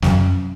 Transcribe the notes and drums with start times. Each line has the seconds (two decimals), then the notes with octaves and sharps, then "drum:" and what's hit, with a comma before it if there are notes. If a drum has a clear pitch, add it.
0.02 F#2, drum: snare